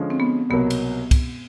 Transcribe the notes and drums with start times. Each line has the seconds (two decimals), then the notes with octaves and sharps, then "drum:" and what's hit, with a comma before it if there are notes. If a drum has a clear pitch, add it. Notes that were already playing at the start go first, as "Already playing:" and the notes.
Already playing: D3 F3 G#3 C#4
0.10 C4
0.20 B3
0.50 C2 B2 F#3 A#3 B3
0.70 drum: cymbal
1.11 drum: kick, cymbal